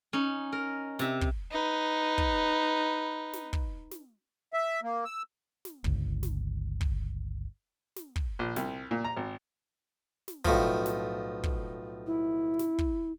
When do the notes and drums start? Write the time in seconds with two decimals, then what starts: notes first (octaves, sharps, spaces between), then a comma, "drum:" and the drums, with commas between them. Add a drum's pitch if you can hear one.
0.13 C#4 D#4
0.52 A#4
0.99 C3 E5, drum: snare
1.21 drum: kick
1.52 D#4 B4
2.18 drum: kick
3.33 drum: snare
3.53 drum: kick
3.91 drum: snare
4.53 E5
4.83 A#3
5.05 E6
5.65 drum: snare
5.84 G1 C#2, drum: kick
6.23 drum: snare
6.81 drum: kick
7.96 drum: snare
8.16 drum: kick
8.39 A#1
8.56 C2, drum: snare
8.91 A#2
9.04 A#5
9.17 G#1
10.28 drum: snare
10.45 B1 A2 F3, drum: kick
10.86 drum: snare
11.43 drum: kick
12.07 E4
12.59 drum: snare
12.78 drum: kick